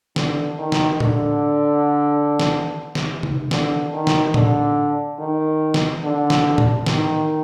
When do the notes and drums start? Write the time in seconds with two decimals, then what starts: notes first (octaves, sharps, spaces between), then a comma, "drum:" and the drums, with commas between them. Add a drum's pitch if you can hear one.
0.16 D3, drum: snare
0.58 D#3
0.72 drum: snare
1.00 D3, drum: tom A2
2.40 drum: snare
2.95 drum: snare
3.23 drum: tom C3
3.51 D3, drum: snare
3.93 D#3
4.07 drum: snare
4.34 D3, drum: tom A2
5.19 D#3
5.74 drum: snare
6.02 D3
6.30 drum: snare
6.58 drum: tom A2
6.86 D#3, drum: snare